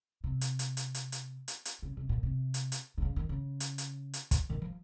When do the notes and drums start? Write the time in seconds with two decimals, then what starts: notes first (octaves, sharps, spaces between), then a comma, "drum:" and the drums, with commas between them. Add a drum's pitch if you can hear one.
0.24 C3
0.41 drum: hi-hat
0.59 drum: hi-hat
0.77 drum: hi-hat
0.95 drum: hi-hat
1.12 drum: hi-hat
1.48 drum: hi-hat
1.65 drum: hi-hat
1.83 C#3
1.97 C3
2.09 A#2
2.23 C3
2.54 drum: hi-hat
2.72 drum: hi-hat
2.98 D#3
3.02 C#3
3.16 D#3
3.29 C#3
3.60 drum: hi-hat
3.78 drum: hi-hat
4.13 drum: hi-hat
4.31 drum: kick, hi-hat
4.50 D#3
4.62 F3